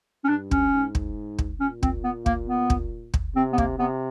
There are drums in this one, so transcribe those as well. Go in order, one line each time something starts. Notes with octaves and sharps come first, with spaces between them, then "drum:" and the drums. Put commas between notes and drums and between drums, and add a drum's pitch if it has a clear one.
C#4
G2 D4
C#4, drum: kick
G#2
drum: kick
drum: kick
A#2 C#4
C4, drum: kick
B3
A#3, drum: kick
B3
drum: kick
drum: kick
C3 C4
B3
A#3, drum: kick
C3 B3